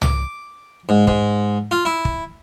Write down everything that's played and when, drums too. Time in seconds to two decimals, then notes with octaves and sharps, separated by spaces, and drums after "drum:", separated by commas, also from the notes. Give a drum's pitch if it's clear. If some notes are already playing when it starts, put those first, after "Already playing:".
0.02 D6, drum: tom
0.89 G#2
1.07 G#2, drum: kick
1.71 F4
1.85 E4
2.05 drum: kick